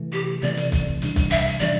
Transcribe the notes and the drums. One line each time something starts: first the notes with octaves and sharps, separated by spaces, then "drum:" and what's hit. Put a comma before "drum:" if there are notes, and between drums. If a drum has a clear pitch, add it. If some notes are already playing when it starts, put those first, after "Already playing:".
Already playing: C3 E3 A3
G4
C3 E3 A3 D5
drum: hi-hat
drum: kick, hi-hat
C3 E3 G3 D4, drum: hi-hat
drum: kick, hi-hat
E5
drum: hi-hat
C3 E3 G3 D4 D5